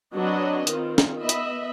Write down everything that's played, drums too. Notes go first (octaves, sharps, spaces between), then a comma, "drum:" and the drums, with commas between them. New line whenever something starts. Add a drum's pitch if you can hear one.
F#3 C4 D4 B4 C#5 D#5
D#3 C4 F4, drum: hi-hat
drum: snare
B3 D#5 E5 B5
drum: hi-hat